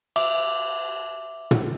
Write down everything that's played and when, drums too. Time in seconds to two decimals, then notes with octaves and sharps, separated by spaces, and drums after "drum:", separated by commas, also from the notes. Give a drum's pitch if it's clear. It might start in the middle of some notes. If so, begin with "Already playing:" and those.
0.16 E5 D6, drum: cymbal
1.51 drum: tom